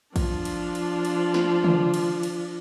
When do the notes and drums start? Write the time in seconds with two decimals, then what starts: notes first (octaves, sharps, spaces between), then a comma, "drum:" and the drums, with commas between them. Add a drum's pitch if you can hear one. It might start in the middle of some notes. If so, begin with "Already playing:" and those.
0.16 F3 D4, drum: kick, cymbal
0.45 drum: cymbal
0.75 drum: cymbal
1.05 drum: cymbal
1.34 drum: snare
1.64 drum: tom
1.94 drum: cymbal
2.23 drum: cymbal